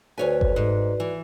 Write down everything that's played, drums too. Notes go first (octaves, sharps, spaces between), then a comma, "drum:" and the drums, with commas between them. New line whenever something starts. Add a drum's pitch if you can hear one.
D2 F#4 B4 C#5 D5 G#5
drum: kick G1
G#2
E3